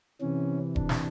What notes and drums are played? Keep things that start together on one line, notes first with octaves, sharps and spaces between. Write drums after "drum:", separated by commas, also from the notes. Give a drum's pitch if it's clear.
C3 E3 C#4
D4, drum: kick E1
drum: snare